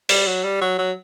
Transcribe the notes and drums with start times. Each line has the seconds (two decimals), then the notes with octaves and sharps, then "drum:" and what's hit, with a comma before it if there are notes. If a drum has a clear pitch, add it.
0.09 G3, drum: open hi-hat
0.27 F#3
0.44 G3
0.61 F#3
0.78 F#3